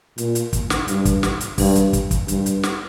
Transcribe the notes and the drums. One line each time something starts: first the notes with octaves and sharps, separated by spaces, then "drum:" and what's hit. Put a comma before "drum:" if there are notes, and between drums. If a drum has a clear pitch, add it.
A#2, drum: hi-hat
drum: hi-hat
drum: kick, hi-hat
drum: snare
G2, drum: hi-hat
drum: kick, hi-hat
drum: snare
drum: hi-hat
G2, drum: kick, open hi-hat
drum: hi-hat
drum: kick, hi-hat
drum: kick, hi-hat
G2, drum: hi-hat
drum: hi-hat
drum: snare